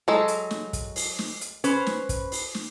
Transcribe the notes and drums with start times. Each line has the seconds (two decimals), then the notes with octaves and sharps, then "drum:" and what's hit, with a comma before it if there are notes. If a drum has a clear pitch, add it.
0.08 F#3 G#3 A4
0.28 drum: hi-hat
0.51 drum: snare
0.73 drum: kick, hi-hat
0.96 drum: open hi-hat
1.19 drum: snare
1.41 drum: hi-hat
1.64 C#4 B4 C5, drum: hi-hat
1.87 drum: snare
2.09 drum: kick, hi-hat
2.32 drum: open hi-hat
2.54 drum: snare